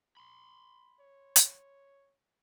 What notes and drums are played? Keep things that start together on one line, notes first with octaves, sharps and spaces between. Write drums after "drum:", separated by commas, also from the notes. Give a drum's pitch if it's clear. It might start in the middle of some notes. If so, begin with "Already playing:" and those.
B5 C6
C#5
drum: hi-hat